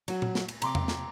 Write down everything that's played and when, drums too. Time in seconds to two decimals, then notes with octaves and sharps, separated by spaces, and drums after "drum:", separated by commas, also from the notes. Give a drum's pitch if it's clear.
0.08 F#3 F#4, drum: cymbal
0.22 drum: tom A#2
0.35 drum: snare
0.48 drum: cymbal
0.62 C3 A#5 C6 D6, drum: cymbal
0.75 drum: tom E2
0.88 drum: snare